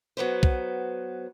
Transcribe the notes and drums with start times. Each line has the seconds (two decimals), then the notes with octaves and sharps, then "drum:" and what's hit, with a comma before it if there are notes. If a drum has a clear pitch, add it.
0.17 F#3 B3 B4 C5
0.43 drum: kick